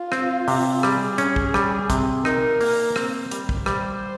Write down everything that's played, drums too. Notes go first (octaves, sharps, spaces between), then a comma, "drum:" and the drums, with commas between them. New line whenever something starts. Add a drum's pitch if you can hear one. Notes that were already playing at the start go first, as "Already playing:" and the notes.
Already playing: F4
C4, drum: rim click
C3, drum: open hi-hat
G3 G#4, drum: rim click
C#4, drum: hi-hat
drum: kick
G3, drum: rim click
C3, drum: kick, hi-hat
D#4 A#4, drum: rim click
A#3, drum: open hi-hat
C4, drum: rim click
G3, drum: hi-hat
drum: kick
G3 C5, drum: rim click